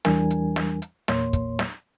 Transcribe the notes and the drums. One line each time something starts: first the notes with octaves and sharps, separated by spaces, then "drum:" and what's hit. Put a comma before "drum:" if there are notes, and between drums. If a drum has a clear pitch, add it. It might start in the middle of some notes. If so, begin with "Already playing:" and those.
E2 E3 G3 D4 A#4 G#5, drum: snare
drum: hi-hat
drum: snare
drum: hi-hat
E2 A#2 A#3 C#5 C6, drum: snare
drum: kick, hi-hat
drum: snare